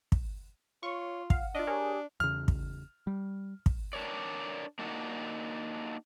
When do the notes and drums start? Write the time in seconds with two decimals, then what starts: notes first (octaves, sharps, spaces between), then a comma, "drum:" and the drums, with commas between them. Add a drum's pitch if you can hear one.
0.12 drum: kick
0.83 F4 C#5 C#6
1.30 F5 F#5, drum: kick
1.55 D4 F4 D#5
1.67 G4 G#4 A#4 C#5 G#5 D#6
2.20 E2 C#3 F6
2.48 drum: kick
3.07 G3
3.66 drum: kick
3.93 D4 A#4 C#5 D5
4.79 A#3 D4 D#4 F#4